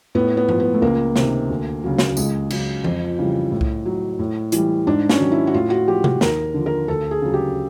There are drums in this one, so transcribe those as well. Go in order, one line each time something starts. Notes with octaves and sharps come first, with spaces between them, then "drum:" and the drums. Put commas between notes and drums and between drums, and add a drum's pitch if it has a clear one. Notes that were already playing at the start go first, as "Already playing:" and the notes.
A2 B3
B3
F3, drum: tom G2
B3
A3
C#2 A#3
C3, drum: snare
D#3
D2
C#3 F#3
drum: snare
C#2 G#3, drum: tambourine
C#3 F#3, drum: cymbal
F2, drum: tom E3
C#3 E3 G3
A2
drum: kick C2
F#3
A2
E3 G3, drum: hi-hat
G#2 D4
C#4, drum: snare
D#3 F#3
E4
F#4
A2 F4
F#4
F3 G4
F#4, drum: tom C3
D#2 A#4, drum: snare
D3 F3
A#4
D2 A4
G#4
C#3 F#3
G4